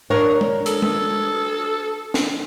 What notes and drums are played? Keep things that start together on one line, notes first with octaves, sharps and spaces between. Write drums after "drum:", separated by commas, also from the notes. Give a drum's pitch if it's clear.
D4 A#4 C#5
drum: tom
A4, drum: hi-hat
drum: tom
drum: snare